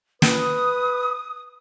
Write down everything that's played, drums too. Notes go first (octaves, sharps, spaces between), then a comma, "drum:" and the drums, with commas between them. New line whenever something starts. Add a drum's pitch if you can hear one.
B4 D#6, drum: snare